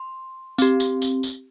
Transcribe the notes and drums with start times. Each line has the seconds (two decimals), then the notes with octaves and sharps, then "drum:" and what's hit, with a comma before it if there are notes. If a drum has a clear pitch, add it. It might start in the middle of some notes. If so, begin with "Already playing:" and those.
Already playing: C6
0.58 C4 G4, drum: tambourine
0.80 drum: tambourine
1.02 drum: tambourine
1.23 drum: tambourine